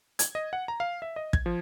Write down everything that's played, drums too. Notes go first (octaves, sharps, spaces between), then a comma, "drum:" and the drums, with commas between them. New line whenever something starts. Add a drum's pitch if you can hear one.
G#6, drum: hi-hat
D#5
F#5
A#5
F5
E5
D#5
G#6, drum: kick
F3